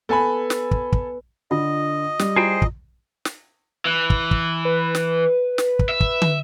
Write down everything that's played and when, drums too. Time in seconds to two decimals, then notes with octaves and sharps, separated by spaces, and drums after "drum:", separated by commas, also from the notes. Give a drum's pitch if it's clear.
0.09 B3 A4 G#5 B5
0.50 drum: snare
0.71 drum: kick
0.92 drum: kick
1.51 D3 F4 D#5
2.19 G3, drum: snare
2.36 E4 F4 G#4 C5 G5
2.62 drum: kick
3.25 drum: snare
3.85 E3
4.10 drum: kick
4.31 drum: kick
4.65 B4
4.95 drum: snare
5.58 drum: snare
5.79 drum: kick
5.89 E5
6.00 drum: kick
6.22 drum: tom